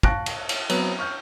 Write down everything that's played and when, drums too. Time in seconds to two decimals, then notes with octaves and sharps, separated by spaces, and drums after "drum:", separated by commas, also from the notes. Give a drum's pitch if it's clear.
0.03 F5 A5 C#6 F#6 A#6 D7, drum: kick
0.26 drum: cymbal
0.49 drum: cymbal
0.70 F#3 B3 C4, drum: cymbal
0.99 C#6 F6 G6